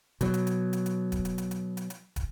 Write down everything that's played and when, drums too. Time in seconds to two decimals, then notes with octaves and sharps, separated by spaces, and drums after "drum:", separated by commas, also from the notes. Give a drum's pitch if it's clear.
0.21 B2 F#3, drum: hi-hat
0.34 drum: hi-hat
0.47 drum: hi-hat
0.73 drum: hi-hat
0.86 drum: hi-hat
1.12 drum: kick, hi-hat
1.25 drum: hi-hat
1.38 drum: hi-hat
1.51 drum: hi-hat
1.77 drum: hi-hat
1.90 drum: hi-hat
2.16 drum: kick, hi-hat